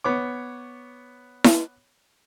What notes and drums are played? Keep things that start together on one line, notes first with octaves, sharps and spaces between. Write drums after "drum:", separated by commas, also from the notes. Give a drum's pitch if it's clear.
B3 C#5 D6
drum: snare E4